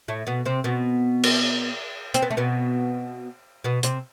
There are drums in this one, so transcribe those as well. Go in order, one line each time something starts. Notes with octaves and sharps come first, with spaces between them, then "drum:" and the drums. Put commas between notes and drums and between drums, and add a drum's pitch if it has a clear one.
A2 A3
B2 B3
C3 C4
B2 B3
drum: cymbal
C4, drum: hi-hat
B3
A3
B2 B3
B2 B3
C3 C4, drum: hi-hat